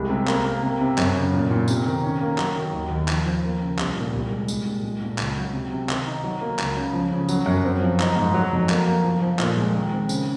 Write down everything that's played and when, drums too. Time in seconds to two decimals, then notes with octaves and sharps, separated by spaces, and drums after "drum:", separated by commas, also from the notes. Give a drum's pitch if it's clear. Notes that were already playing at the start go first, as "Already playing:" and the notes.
Already playing: C2 G#3
0.10 C3
0.27 A#3, drum: clap
0.45 A#3
0.63 C3
0.81 C3
0.98 F#2, drum: clap
1.16 C#3
1.34 A#2
1.51 A#2
1.68 C3, drum: tambourine
1.86 D#3
2.03 C#4
2.21 A#3
2.38 F#3, drum: clap
2.56 D#3
2.73 D#2
2.91 D#2
3.08 F3, drum: clap
3.25 F3
3.44 A#3
3.61 C#3
3.79 C2, drum: clap
3.96 A#2
4.13 C2
4.31 G#3
4.48 G#3, drum: tambourine
4.65 A#2
4.83 G#3
5.01 A#2
5.18 C#2, drum: clap
5.36 F#3
5.53 C3
5.72 C3
5.89 D#3, drum: clap
6.06 D#4
6.24 F#3
6.41 A#3
6.59 C#2, drum: clap
6.77 C#3
6.93 F3
7.12 C#3
7.29 F#3, drum: tambourine
7.46 F#2
7.65 C4
7.82 F3
8.00 D#4, drum: clap
8.16 G#2
8.34 F#3
8.52 F2
8.69 A#3, drum: clap
8.86 A#3
9.04 F3
9.21 F3
9.39 A#2, drum: clap
9.56 G#3
9.75 D#3
9.93 C4
10.09 C#3, drum: tambourine